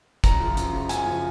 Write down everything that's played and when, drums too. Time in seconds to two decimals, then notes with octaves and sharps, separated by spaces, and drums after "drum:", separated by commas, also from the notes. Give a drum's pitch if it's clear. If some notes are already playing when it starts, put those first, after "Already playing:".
0.24 F#2 A#5, drum: kick, hi-hat
0.40 C#3 F3
0.57 F#2, drum: hi-hat
0.73 C#3 F3
0.89 F#2 G#5, drum: hi-hat
1.06 C#3 F3